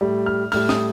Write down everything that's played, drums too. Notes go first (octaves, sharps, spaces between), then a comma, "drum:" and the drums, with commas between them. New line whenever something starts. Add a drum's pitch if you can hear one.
A2 G3
F6
A2 G3 F6, drum: open hi-hat
D#6, drum: snare